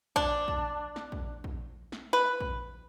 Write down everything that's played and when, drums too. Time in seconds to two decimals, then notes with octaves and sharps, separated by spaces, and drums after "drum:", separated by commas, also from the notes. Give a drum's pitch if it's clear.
0.16 D4, drum: kick
0.48 drum: kick
0.96 drum: snare
1.12 drum: kick
1.44 drum: kick
1.92 drum: snare
2.13 B4
2.40 drum: kick